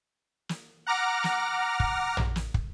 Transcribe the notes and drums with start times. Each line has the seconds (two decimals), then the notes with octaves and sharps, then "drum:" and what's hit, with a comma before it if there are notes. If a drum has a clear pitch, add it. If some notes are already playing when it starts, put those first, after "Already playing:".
0.49 drum: snare
0.87 F#5 A#5 D6 F6 A#6
1.24 drum: snare
1.80 drum: kick
2.17 drum: tom
2.36 drum: snare
2.54 drum: kick